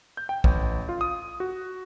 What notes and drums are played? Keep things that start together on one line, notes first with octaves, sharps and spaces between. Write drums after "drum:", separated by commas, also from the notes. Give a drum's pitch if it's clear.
G6
G5
A1, drum: kick
F4
D#6
F#4